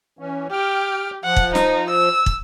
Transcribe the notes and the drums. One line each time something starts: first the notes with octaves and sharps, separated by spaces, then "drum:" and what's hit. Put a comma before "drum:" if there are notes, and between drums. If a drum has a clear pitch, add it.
E3 C#4
G4 G5 F6
F3 F#5
drum: kick
D#4, drum: snare
E6
drum: kick